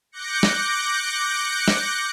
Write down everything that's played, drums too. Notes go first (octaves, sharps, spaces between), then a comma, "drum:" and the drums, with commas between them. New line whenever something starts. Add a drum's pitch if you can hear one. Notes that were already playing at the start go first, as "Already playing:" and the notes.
D6 F#6 G6 A#6 C#7
drum: snare
drum: snare